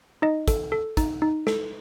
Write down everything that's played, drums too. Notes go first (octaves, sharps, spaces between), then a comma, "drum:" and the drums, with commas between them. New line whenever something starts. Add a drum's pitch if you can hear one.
D#4 D#5
A4, drum: kick, hi-hat
A4
D#4, drum: kick, hi-hat
D#4
A4, drum: snare